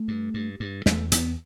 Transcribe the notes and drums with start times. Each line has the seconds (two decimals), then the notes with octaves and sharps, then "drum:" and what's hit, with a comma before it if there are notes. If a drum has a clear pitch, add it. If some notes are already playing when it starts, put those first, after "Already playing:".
Already playing: A3
0.08 G2
0.34 G2
0.60 G2
0.86 E2 A3, drum: snare
1.12 E2 B3, drum: hi-hat